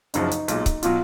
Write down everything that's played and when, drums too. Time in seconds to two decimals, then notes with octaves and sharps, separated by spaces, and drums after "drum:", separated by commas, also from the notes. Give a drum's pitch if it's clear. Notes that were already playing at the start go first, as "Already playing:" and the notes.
0.14 F#1 F#2 C#3 F3 D#4, drum: hi-hat
0.31 drum: hi-hat
0.48 B1 A#2 G#3, drum: hi-hat
0.66 drum: kick C#1, hi-hat
0.83 B2 F#3 F4, drum: hi-hat